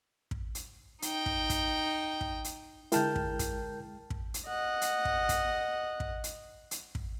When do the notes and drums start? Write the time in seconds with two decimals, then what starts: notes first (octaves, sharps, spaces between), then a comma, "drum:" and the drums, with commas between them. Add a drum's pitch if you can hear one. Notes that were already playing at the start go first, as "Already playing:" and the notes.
0.31 drum: kick
0.55 drum: hi-hat
1.02 D#4 G5, drum: hi-hat
1.26 drum: kick
1.50 drum: kick, hi-hat
2.21 drum: kick
2.44 drum: hi-hat
2.92 D3 G#3 E4 A#4 G5 A5 F6 G6, drum: hi-hat
3.16 drum: kick
3.39 drum: kick, hi-hat
4.10 drum: kick
4.34 drum: hi-hat
4.47 D#5 F#5
4.81 drum: hi-hat
5.05 drum: kick
5.29 drum: kick, hi-hat
6.00 drum: kick
6.24 drum: hi-hat
6.71 drum: hi-hat
6.95 drum: kick